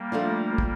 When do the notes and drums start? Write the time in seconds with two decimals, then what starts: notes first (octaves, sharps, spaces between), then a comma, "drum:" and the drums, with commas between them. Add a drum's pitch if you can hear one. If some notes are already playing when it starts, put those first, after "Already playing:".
Already playing: G3 A#3
0.12 F3 A3 D4 F4
0.58 drum: kick